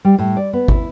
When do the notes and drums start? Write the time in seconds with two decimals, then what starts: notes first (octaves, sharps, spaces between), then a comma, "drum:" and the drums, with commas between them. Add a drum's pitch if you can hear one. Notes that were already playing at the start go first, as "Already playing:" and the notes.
0.05 G3
0.19 A2
0.37 D5
0.53 B3
0.68 E4, drum: kick